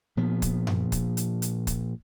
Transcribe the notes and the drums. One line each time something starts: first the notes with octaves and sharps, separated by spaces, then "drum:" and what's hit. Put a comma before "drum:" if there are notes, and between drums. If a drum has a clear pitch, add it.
A#2 F3 B3
drum: kick, hi-hat
drum: tom F#2
drum: kick, hi-hat
drum: hi-hat
drum: hi-hat
drum: kick, hi-hat